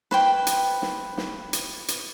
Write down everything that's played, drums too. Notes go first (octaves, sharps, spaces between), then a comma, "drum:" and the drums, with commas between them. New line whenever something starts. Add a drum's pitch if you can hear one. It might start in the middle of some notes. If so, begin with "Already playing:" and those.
B4 C5 G5, drum: snare
drum: hi-hat
drum: snare
drum: snare
drum: hi-hat
drum: hi-hat